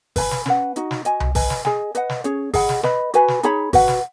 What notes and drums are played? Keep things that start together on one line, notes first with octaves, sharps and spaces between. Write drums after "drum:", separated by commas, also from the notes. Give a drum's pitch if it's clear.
B4 G#5 B5, drum: kick G#1, open hi-hat
drum: snare
C#4 B4 F#5, drum: snare
D#4 F#4 D#5, drum: hi-hat
drum: snare
F#4 D#5 G#5, drum: hi-hat
drum: tom C2
B4 D#5 G#5 B5, drum: kick G#1, open hi-hat
drum: snare
G#4 D#5 G#5, drum: snare
B4 D#5 F#5, drum: hi-hat
drum: snare
C#4 G#4 C#5, drum: hi-hat
G#4 D#5 F#5 B5, drum: kick G#1, open hi-hat
drum: snare
B4 D#5 B5, drum: snare
F#4 B4 G#5 B5, drum: hi-hat
drum: snare
D#4 G#4 C#5 B5, drum: hi-hat
F#4 B4 F#5, drum: kick G#1, open hi-hat
drum: snare